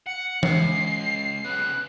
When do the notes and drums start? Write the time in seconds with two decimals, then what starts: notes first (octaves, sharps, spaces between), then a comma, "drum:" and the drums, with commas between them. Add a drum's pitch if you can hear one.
0.07 F#5 C#7
0.43 C#2 C7, drum: tom E3
1.44 C#3 B3 F#6